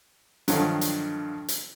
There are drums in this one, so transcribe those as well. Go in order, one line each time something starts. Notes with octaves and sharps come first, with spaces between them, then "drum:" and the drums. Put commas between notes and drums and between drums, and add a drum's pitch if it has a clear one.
G2 D3 D#3 F3 F#3, drum: hi-hat
drum: hi-hat
drum: hi-hat